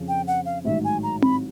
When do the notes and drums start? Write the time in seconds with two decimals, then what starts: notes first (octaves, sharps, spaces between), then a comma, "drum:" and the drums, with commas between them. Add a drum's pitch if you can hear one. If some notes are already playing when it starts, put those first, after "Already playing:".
Already playing: F2 C#3 F3
0.08 G5
0.27 F#5
0.45 F5
0.65 A1 G#2 D#3 F#3 E5
0.84 G#5
1.03 A#5
1.22 B5, drum: tom C4